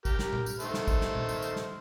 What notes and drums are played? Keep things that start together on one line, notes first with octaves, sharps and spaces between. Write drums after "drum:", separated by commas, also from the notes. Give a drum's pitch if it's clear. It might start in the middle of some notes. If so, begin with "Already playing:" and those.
G4 A#4, drum: kick, tambourine
drum: snare
drum: tom A#2
drum: tambourine
D#3 A3 C5, drum: tambourine
drum: snare
drum: kick, tambourine
drum: snare
drum: tom A#2
drum: tambourine
drum: tambourine
drum: snare